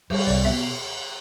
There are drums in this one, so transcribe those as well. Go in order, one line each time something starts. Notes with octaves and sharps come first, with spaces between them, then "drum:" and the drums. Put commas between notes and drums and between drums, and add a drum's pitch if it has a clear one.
G3 C5, drum: cymbal
C2 D5
B2 E5